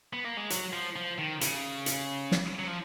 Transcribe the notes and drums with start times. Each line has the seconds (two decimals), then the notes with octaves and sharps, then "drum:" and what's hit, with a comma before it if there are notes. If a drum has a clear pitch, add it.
0.13 B3
0.25 A#3
0.37 G#3
0.50 F#3, drum: hi-hat
0.73 F3
0.96 F3
1.18 D#3
1.41 C#3, drum: hi-hat
1.86 drum: hi-hat
2.32 drum: snare
2.59 F#3
2.68 F3